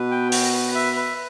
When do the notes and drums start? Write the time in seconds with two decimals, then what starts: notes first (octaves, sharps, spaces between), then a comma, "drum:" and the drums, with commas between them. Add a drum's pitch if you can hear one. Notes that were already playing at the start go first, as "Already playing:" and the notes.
Already playing: B2 B4
0.11 G5
0.32 F#4, drum: open hi-hat
0.53 B4
0.75 E5
0.97 B4